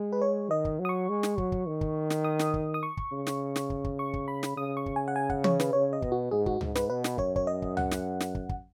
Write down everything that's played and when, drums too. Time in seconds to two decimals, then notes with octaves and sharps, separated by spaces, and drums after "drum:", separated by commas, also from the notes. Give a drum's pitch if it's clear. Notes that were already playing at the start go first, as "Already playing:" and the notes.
Already playing: G#3
0.13 B4
0.22 C#5
0.51 D#3 D#5
0.65 drum: kick
0.79 F#3
0.85 D#6
0.89 C#6
1.09 G#3
1.23 drum: snare
1.38 F#3, drum: kick
1.52 drum: kick
1.67 D#3
1.81 drum: kick
2.10 drum: snare
2.24 D#6
2.39 drum: snare
2.54 drum: kick
2.74 D#6
2.83 C#6
2.97 drum: kick
3.12 C#3
3.27 drum: snare
3.56 drum: snare
3.70 drum: kick
3.85 drum: kick
3.99 C#6
4.14 drum: kick
4.28 B5
4.43 drum: snare
4.57 C#3 D#6
4.77 C#6
4.86 drum: kick
4.96 G#5
5.08 F#5
5.16 G#5
5.30 F#5, drum: kick
5.44 C#5, drum: tom
5.60 B4, drum: snare
5.73 C#3 C#5
5.93 D#5
6.02 B2, drum: kick
6.12 F#4
6.31 G#2 G#4
6.46 F#4, drum: kick
6.61 G#2, drum: tom C#2
6.75 B4, drum: snare
6.90 B2 B4
7.04 drum: snare
7.18 F#2 C#5, drum: kick
7.36 C#5, drum: kick
7.47 D#5
7.62 drum: kick
7.77 F#5, drum: tom C#2
7.91 drum: snare
8.20 drum: snare
8.35 drum: kick
8.50 drum: kick